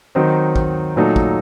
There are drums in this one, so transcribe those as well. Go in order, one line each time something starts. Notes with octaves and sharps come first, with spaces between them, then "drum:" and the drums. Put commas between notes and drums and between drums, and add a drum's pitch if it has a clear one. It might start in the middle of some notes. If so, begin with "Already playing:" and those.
D#3 F#3 C4 D#4
drum: kick
A#2 F#3 A3 D#4 A4
drum: kick